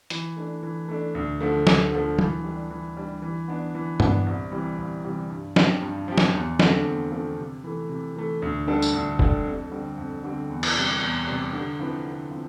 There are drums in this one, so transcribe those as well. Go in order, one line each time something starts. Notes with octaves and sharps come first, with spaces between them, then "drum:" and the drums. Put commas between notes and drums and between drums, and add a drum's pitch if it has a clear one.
E3, drum: hi-hat
A3 D4
E3
A3 D4
D2
D3 F3 A3
D2, drum: snare
D3 F3 A3
E3, drum: tom
G3 D4
E3
G3 D4
E3
B3 D4
E3
B3 D4, drum: tom G2
C2
C3 E3 G3
C2
C3 E3 G3
G2
F3 C4 G4, drum: snare
G2
F3 C4 G4
drum: snare
E2
D3 F3 A3 C4, drum: snare
E2
D3 F3 A3 C4
C3
E3 A3
C3
E3 A3
D2
D3 G3 D4 A4
drum: tambourine
D2
D3 G3 D4 A4, drum: kick F#1
F2
D3 G3 C4
F2
D3 G3 C4
E2
drum: cymbal
C3 G3
E2
C3 G3
D3
F3 C4 E4 B4
D3
F3 C4